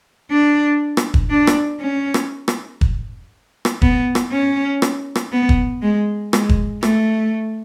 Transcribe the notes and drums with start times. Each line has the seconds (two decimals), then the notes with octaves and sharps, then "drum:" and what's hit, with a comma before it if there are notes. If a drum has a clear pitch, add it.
0.31 D4
0.97 drum: rim click
1.14 drum: kick
1.30 D4
1.47 drum: rim click
1.80 C#4
2.14 drum: rim click
2.48 drum: rim click
2.81 drum: kick
3.65 drum: rim click
3.82 B3, drum: kick
4.15 drum: rim click
4.32 C#4
4.82 drum: rim click
5.15 drum: rim click
5.32 B3
5.49 drum: kick
5.82 G#3
6.33 G#3, drum: rim click
6.49 drum: kick
6.83 A3, drum: rim click